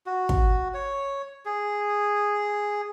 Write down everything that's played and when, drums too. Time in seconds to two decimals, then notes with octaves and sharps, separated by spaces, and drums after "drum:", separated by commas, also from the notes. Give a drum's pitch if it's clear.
0.06 F#4
0.29 drum: kick
0.74 C#5
1.45 G#4